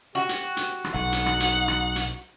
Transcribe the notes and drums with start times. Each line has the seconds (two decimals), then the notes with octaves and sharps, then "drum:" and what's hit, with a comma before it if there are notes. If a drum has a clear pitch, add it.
0.15 F#4 G4
0.29 drum: hi-hat
0.57 drum: hi-hat
0.84 drum: rim click
0.94 B1 D#4 F#5
1.12 drum: hi-hat
1.26 drum: rim click
1.40 drum: hi-hat
1.68 drum: rim click
1.96 drum: hi-hat